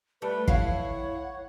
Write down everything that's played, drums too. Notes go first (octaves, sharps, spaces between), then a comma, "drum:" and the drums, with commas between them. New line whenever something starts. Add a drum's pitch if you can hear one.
G3 A3 B4
E4 C#5 F5 F#5, drum: kick